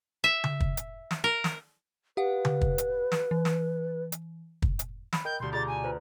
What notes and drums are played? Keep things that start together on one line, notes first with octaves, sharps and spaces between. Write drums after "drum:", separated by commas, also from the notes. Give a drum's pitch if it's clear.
E5
drum: tom C#3
drum: kick
drum: hi-hat
drum: snare
A#4
drum: snare
G4 B4 F5 F#5
drum: tom C#3
drum: kick
drum: hi-hat
drum: snare
E3
drum: snare
drum: hi-hat
drum: kick
drum: hi-hat
B5, drum: snare
A#4 D#5 G5 G6
D2 B2 G4 C6 G6
F4 G#4 D5 A#5 C6 D6 A6
G#5
F4 B4 C5